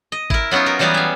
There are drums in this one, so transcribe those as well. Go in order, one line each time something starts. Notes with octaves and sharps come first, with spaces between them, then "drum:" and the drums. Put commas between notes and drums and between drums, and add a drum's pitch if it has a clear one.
D#5
E4 A#4, drum: kick G#1
F#3 B3 C#4 D#4 F4
A#4
E3 F#3 G3 B3 F#4 G#4
E5 F5